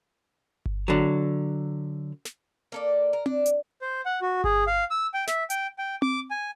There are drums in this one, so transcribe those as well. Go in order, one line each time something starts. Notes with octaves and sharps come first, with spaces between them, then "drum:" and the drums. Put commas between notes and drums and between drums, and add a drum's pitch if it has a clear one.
drum: kick G1
D3 F#3
drum: snare
A#3 A4 D5
A#4
D4, drum: tom C4
drum: hi-hat
C5
F#5
F#4
G#4, drum: kick G1
F5
E6
G5
E5, drum: snare
G5, drum: hi-hat
G5
D6, drum: tom C4
G#5